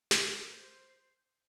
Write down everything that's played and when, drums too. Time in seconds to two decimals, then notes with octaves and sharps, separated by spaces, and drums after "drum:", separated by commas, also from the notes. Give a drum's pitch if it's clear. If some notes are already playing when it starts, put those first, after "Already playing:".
0.11 F5, drum: snare
0.25 A4
0.31 A#4
0.45 A#4
0.52 C5